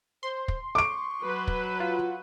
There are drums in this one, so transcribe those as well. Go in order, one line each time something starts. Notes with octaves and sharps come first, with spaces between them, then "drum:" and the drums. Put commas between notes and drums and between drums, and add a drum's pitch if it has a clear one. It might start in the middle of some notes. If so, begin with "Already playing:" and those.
C5 C6
drum: kick
C#6 D6 D7
F#3 B4
drum: kick
F4 F#5